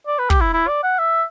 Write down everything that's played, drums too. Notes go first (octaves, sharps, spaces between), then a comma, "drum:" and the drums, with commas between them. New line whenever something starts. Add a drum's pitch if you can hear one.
D5
B4
G4, drum: kick
E4
E4
D5
F#5
E5